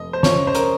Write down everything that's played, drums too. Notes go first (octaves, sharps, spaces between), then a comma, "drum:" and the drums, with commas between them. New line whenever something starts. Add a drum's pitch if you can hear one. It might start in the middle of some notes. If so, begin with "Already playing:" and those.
Already playing: F1 D#5
C5
C#3 C#5, drum: snare
C5
A#4, drum: hi-hat